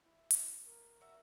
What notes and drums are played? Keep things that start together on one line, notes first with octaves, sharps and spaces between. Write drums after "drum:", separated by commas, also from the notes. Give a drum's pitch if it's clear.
E4
drum: hi-hat
A#4
F#4 E5